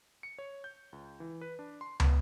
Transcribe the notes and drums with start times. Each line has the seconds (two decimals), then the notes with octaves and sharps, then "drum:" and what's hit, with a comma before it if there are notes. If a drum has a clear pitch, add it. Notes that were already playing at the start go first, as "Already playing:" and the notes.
0.23 C#7
0.39 C#5
0.64 G6
0.93 C#2
1.20 E3
1.41 B4
1.59 D4
1.81 C6
2.00 B3, drum: tom